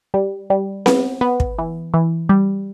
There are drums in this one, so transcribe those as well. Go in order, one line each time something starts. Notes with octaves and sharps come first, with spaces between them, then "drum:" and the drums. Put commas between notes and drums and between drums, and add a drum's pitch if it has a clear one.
G3
G3
B3, drum: snare C4
B3
drum: kick
E3
E3
G3